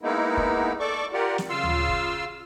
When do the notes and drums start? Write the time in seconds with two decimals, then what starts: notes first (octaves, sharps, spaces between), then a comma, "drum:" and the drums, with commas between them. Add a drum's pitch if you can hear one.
0.01 G#3 A#3 B3 D#4 E4
0.37 drum: kick
0.80 A4 D5 C#6 D6
1.13 F4 G4 A#4 D5 F#5
1.38 drum: snare
1.50 C#3 F4 F5 C6 E6
1.63 drum: tom D2
1.89 drum: kick